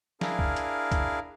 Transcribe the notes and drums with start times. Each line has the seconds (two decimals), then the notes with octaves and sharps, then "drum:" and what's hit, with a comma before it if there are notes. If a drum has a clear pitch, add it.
0.21 D4 E4 G#4 A#4 F5, drum: snare F3
0.39 drum: kick
0.56 drum: hi-hat
0.92 drum: kick, hi-hat